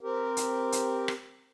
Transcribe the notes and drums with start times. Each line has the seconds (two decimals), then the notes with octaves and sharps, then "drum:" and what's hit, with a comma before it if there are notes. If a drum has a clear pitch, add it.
0.01 C4 G4 A#4
0.37 drum: hi-hat
0.72 drum: hi-hat
1.08 drum: rim click